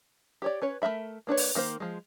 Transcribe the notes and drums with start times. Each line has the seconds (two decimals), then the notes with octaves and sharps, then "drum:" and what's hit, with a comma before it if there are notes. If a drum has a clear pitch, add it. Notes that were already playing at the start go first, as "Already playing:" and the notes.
0.42 G4 C#5 D5
0.62 C#4 B4 C#5
0.82 A3 D4 A#4 E5 B5
1.27 A#3 D4 B4 C#5
1.37 drum: open hi-hat
1.55 D#3 A#3 F#4 C5
1.80 F3 G#3